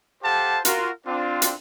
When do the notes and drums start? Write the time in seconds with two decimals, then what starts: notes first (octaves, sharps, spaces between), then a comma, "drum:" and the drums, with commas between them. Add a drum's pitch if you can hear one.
0.23 G4 A4 C5 F5 F#5 A5
0.65 F4 F#4 A#4, drum: hi-hat
1.07 C4 D4 F4
1.42 drum: hi-hat